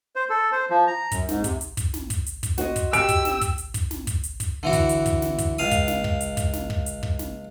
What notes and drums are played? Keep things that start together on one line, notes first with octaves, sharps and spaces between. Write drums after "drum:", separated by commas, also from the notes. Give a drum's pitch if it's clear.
C5
A4
C5
F3
A#5
F#2, drum: kick, hi-hat
G#2, drum: snare
C3, drum: kick, hi-hat
drum: hi-hat
drum: kick, hi-hat
drum: snare
drum: kick, hi-hat
drum: hi-hat
drum: kick, hi-hat
F#4 C5 D#5, drum: snare
drum: kick, hi-hat
G4 E6 D7, drum: hi-hat
drum: kick, hi-hat
drum: snare
drum: kick, hi-hat
drum: hi-hat
drum: kick, hi-hat
drum: snare
drum: kick, hi-hat
drum: hi-hat
drum: kick, hi-hat
D3 E3 F#4
drum: kick, hi-hat
drum: hi-hat
drum: kick, hi-hat
drum: snare
drum: kick, hi-hat
C#2 F5 D#6
drum: kick, hi-hat
drum: snare
drum: kick
drum: hi-hat
drum: kick, hi-hat
drum: snare
drum: kick
drum: hi-hat
drum: kick
drum: snare